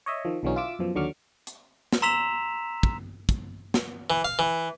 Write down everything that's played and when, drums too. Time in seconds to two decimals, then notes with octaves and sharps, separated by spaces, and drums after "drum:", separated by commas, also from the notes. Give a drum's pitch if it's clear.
0.06 C#5 D#5 E5
0.25 D#3 F3
0.43 B1 D3 E3 F#3 C#4 D#4
0.56 F4 E5 D6 E6
0.79 F#2 B2 F3
0.95 D#2 D3 F#3 C#6 D6 F6
1.47 drum: hi-hat
1.93 drum: snare
2.02 A#5 C6 E6 B6 E7 F7
2.83 drum: kick
3.29 drum: kick, hi-hat
3.74 drum: snare
4.10 E3
4.25 F5
4.39 E3